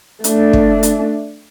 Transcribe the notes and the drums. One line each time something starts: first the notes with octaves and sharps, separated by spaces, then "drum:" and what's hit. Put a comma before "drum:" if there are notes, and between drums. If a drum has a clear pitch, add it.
A3 D4, drum: hi-hat
drum: kick
drum: hi-hat